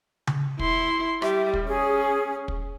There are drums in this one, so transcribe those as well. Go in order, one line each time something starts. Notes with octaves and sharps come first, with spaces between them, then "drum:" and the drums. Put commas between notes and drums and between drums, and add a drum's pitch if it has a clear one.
drum: tom C#3
E4 C6, drum: kick
G3 E5, drum: rim click
drum: kick
C#4 G#4
drum: kick